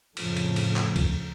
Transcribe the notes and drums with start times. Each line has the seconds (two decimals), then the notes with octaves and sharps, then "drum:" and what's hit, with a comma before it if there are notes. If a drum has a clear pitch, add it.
0.17 F2 A2 C#3 F3 A3, drum: cymbal
0.37 drum: cymbal
0.56 drum: cymbal
0.76 drum: clap
0.96 drum: kick C#2, cymbal